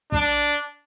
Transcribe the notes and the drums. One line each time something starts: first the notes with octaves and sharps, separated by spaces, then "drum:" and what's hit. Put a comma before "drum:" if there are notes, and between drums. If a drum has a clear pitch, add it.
D4, drum: kick
drum: hi-hat